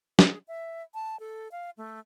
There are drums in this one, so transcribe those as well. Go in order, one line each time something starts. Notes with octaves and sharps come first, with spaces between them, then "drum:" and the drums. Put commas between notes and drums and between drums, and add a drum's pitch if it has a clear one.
G#4, drum: snare
E5
A5
A4
F5
A3